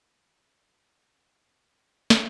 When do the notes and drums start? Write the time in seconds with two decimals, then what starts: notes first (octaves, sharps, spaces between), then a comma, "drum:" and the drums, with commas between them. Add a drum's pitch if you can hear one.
0.04 G4
0.56 F#4
0.63 G4
0.72 A4
0.82 B4
0.92 C5
2.10 drum: snare